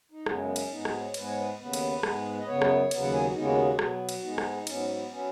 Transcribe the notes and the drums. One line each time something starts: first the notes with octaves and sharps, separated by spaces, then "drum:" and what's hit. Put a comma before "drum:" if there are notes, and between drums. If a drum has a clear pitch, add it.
D#4
F#2 C#3 G#3 B3, drum: rim click
B3
C#4, drum: cymbal
G#2 G#3 B3 D#4
F#4, drum: rim click
C#5
G#2 G#3 B3 B4, drum: cymbal
C#5
B4
D#2 C#3 B3 B4
drum: cymbal
G#2 G#3 B3, drum: rim click
D#5
F#2 C#3 B3 C#5
drum: rim click
D#2 C#3 F#3 B3, drum: cymbal
F#5
G#5
F#4
D#2 C#3 G#3 B3 D#4
F#4
B2 F#3 B3, drum: rim click
drum: cymbal
G#2 G#3 B3 D#4
drum: rim click
G#2 F#3 B3 C#4, drum: cymbal
B3
F#3 B3 C#4